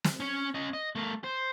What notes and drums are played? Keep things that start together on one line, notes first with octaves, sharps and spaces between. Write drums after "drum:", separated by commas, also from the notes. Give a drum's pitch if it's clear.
drum: snare
C#4 C#5
C#4 D#5
D#5
A3 A#4
C5